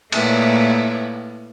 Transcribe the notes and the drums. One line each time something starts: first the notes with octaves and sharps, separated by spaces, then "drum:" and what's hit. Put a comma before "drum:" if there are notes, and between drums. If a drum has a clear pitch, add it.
A#2 A3 E4 B4 C#5, drum: cymbal